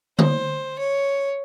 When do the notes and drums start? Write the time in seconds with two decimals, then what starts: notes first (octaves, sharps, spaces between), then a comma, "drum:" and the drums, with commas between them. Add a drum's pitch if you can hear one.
0.19 C5, drum: tom D3
0.79 C#5